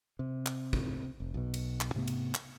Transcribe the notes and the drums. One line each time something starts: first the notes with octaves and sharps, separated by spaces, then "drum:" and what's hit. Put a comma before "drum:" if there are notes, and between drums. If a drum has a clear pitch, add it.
C3
drum: clap
drum: kick
F1
B1 B2
drum: cymbal
drum: clap
G#2 C3 A3 B3
drum: cymbal
drum: clap